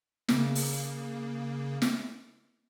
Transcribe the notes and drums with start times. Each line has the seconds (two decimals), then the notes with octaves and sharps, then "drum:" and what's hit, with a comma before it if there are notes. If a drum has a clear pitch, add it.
0.29 C#3 A#3, drum: snare
0.55 drum: open hi-hat
1.82 drum: snare